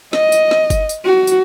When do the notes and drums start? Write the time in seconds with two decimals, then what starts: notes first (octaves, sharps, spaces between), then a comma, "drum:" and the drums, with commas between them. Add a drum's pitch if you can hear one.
0.13 D#5, drum: snare
0.32 drum: tambourine
0.51 drum: snare
0.70 drum: kick G1, tambourine
0.89 drum: tambourine
1.05 F#4
1.27 drum: tambourine